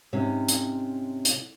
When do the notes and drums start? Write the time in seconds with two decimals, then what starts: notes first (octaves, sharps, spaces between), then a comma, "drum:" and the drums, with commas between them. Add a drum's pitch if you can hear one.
0.13 G#2 C3 C#4
0.48 drum: hi-hat
1.25 drum: hi-hat